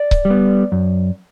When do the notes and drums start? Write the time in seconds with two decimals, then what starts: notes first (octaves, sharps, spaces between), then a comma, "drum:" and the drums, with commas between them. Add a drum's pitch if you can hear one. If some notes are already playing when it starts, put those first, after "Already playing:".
Already playing: D5
0.11 drum: kick C#1
0.25 G3
0.30 B3
0.72 F#2